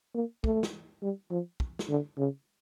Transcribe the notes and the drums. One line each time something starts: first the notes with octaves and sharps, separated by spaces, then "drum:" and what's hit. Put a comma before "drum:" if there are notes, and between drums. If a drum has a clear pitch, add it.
A#3
A3, drum: kick
drum: snare
G3
F3
drum: kick
drum: snare
D3
C#3